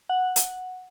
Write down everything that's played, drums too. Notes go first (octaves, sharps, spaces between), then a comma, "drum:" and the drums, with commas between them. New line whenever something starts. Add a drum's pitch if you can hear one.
F#5
drum: hi-hat